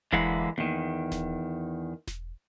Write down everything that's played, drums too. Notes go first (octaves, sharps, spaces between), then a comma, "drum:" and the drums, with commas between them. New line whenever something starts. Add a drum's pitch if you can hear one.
D3 E3 G#3 A#3 E4 F#5, drum: kick E1
E2 D#3, drum: tom A#3
drum: snare E1
drum: snare E1